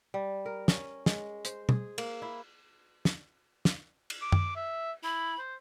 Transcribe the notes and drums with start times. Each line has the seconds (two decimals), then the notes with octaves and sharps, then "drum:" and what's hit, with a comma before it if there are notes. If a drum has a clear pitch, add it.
0.14 G3
0.46 A#4
0.68 C#4, drum: snare
1.06 G#3, drum: snare
1.45 C5, drum: hi-hat
1.69 G#4, drum: tom
1.98 A#3, drum: cymbal
2.22 E4
3.05 drum: snare
3.65 drum: snare
4.10 drum: cymbal
4.22 D6
4.32 drum: tom F#2
4.56 E5
5.04 E4 B5
5.39 C5